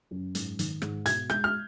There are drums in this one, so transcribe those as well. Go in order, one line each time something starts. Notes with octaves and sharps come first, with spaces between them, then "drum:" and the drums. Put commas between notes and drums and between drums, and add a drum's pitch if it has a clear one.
F#2
G#2, drum: hi-hat
D#3, drum: hi-hat
G#2, drum: rim click
B2 G#6, drum: hi-hat
G#3 G6, drum: rim click
F6